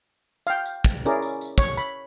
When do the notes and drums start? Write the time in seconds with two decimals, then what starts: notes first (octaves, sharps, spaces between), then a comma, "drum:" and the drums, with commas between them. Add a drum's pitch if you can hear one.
0.47 F5 G5, drum: tambourine
0.66 drum: tambourine
0.84 drum: kick, tambourine
1.05 C#4 E4 G#4 A#4 D5, drum: tambourine
1.22 drum: tambourine
1.41 drum: tambourine
1.58 C#5, drum: kick, tambourine
1.77 B5, drum: tambourine